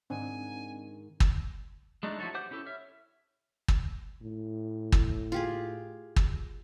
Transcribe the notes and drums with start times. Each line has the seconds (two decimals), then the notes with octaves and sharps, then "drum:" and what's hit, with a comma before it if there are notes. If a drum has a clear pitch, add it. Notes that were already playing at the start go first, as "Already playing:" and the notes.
0.10 G#2 D#3 C4 D4 G#5
1.20 drum: kick
2.03 G#3 A3 D4 D#4
2.19 F3 E4 F#4 A4 C#5
2.34 G4 C5 F#5 D6 G6
2.51 C#4 E4 G4 A4
2.66 C#5 E5 F6
3.68 drum: kick
4.22 A2
4.92 drum: kick
5.32 F4 G4 G#4
6.16 drum: kick